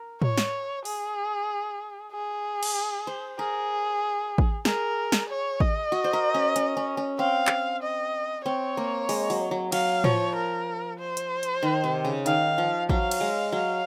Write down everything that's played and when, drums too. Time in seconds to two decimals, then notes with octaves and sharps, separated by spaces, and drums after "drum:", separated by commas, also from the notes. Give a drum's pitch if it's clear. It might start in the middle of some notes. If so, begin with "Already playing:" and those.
Already playing: A#4
0.22 C#5, drum: tom A2
0.38 drum: snare
0.85 G#4, drum: open hi-hat
2.12 G#4
2.63 drum: cymbal
3.07 C5
3.39 G#4 A#4
4.38 drum: kick A1
4.65 G#4 A#4, drum: snare
5.12 drum: snare
5.29 C#5
5.60 D#5, drum: kick A1
5.92 F#4
6.04 C5
6.13 A#4
6.34 C#4
6.56 C#4, drum: hi-hat
6.77 C#4
6.97 C#4
7.19 C4 F5
7.47 drum: clap
7.83 D#5
8.45 C4 C#5
8.77 A#3
9.09 G#3, drum: open hi-hat
9.30 F#3, drum: open hi-hat
9.51 F#3
9.72 F#3 F5, drum: cymbal
10.04 F3 C#5, drum: tom A2
10.36 A#4
10.99 C5
11.17 drum: hi-hat
11.43 drum: hi-hat
11.63 D#3
11.84 C3
12.05 C#3
12.26 D#3 F5, drum: hi-hat
12.58 F3
12.89 F#3 F5, drum: kick A1
13.11 drum: cymbal
13.21 G#3
13.52 F#3 F5